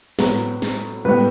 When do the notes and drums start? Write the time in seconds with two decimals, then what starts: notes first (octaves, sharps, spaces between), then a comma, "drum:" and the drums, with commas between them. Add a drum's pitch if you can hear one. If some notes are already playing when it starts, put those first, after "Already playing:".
0.19 A2 F#3 B3, drum: snare
0.62 drum: snare
1.05 A2 G3 B3 B4